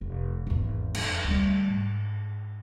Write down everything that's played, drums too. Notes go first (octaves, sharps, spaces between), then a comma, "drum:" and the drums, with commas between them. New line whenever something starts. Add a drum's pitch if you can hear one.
F1
G#1 E2
F2, drum: cymbal
D2 G3
G#2